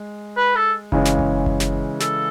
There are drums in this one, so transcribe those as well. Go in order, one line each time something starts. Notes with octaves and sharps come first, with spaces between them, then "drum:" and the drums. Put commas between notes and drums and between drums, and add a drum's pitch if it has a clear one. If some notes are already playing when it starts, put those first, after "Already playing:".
Already playing: G#3
B4
A4
C#3 E3 G#3 C#4, drum: kick F#1
drum: snare
drum: kick F#1
drum: kick F#1
drum: snare
A4, drum: snare